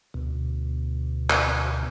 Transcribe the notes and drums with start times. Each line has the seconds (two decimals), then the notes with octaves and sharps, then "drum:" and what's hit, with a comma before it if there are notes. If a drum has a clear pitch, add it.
0.14 D2 B2
1.30 drum: clap